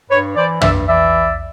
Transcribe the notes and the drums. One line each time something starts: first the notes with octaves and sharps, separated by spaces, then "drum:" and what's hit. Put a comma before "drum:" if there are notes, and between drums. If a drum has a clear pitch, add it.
G2 B4 C#5
E3 C5 D5
G2 D5 E5, drum: tom
E3 D5 E5